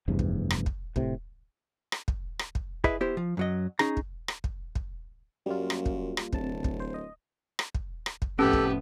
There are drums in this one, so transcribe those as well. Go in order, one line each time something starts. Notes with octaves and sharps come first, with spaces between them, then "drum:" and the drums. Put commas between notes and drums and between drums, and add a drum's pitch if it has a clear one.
F1 E2 G2 C3
drum: kick
drum: rim click
drum: kick
A2 C3, drum: kick
drum: rim click
drum: kick
drum: rim click
drum: kick
E4 G#4 B4 D#5 E5, drum: kick
B3 E4 G4 C5
F3
F#2 F#3 D#5
C#4 D#4 G#4 A#5, drum: rim click
drum: kick
drum: rim click
drum: kick
drum: kick
F#2 G3 A#3 F4
drum: rim click
drum: kick
drum: rim click
D1 C3 A5, drum: kick
drum: kick
C5
D#5
drum: rim click
drum: kick
drum: rim click
drum: kick
F2 A2 B3 C#4 G4 A4
drum: kick